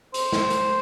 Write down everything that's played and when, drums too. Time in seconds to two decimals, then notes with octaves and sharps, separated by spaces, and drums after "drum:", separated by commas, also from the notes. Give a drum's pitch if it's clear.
0.14 C5, drum: hi-hat
0.33 drum: snare
0.50 drum: hi-hat